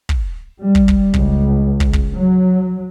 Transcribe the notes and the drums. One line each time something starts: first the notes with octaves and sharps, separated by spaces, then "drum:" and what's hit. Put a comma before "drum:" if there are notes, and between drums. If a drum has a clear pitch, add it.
drum: kick
G3
drum: kick
drum: kick
C#2, drum: kick
drum: kick
drum: kick
F#3